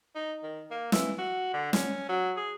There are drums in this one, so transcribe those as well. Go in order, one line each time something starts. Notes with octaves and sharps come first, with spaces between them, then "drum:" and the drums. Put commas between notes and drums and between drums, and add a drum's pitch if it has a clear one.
D#4
D#3
A#3
E3, drum: snare
F#4
D3
C#4, drum: snare
F#3
G#4